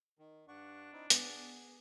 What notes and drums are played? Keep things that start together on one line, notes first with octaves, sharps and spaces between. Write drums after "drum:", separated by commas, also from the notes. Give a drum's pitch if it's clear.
D#3
G2 D4 F#5 C#6
C4 D#4 E4
B3 G#4, drum: hi-hat